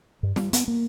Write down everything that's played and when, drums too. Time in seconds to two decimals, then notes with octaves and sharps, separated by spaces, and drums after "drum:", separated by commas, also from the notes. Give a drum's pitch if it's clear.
0.23 G2
0.36 G3, drum: snare
0.53 B3, drum: hi-hat
0.68 A#3